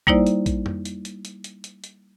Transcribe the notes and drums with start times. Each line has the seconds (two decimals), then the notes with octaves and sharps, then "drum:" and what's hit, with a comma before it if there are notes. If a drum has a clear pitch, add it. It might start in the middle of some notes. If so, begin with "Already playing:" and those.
0.07 G3 A#3 D#4 E4 C5 D5, drum: kick
0.27 drum: hi-hat
0.46 drum: kick, hi-hat
0.66 drum: tom F2
0.85 drum: hi-hat
1.05 drum: hi-hat
1.25 drum: hi-hat
1.44 drum: hi-hat
1.64 drum: hi-hat
1.84 drum: hi-hat